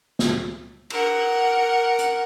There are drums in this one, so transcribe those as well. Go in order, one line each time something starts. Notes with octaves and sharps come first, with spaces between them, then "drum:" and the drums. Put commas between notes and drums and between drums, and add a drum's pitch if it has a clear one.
drum: snare
A#4 F#5, drum: cymbal
drum: hi-hat